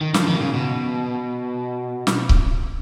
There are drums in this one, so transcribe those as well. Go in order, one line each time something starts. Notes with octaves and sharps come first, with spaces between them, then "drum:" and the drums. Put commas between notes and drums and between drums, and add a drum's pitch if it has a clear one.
D#3
F3, drum: snare
D#3
B2
C#3
B2
drum: snare
drum: kick C#1